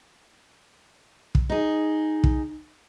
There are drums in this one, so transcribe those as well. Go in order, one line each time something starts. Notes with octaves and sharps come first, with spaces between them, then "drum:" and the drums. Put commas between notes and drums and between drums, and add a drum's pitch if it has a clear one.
drum: kick
D#4 G#4
drum: kick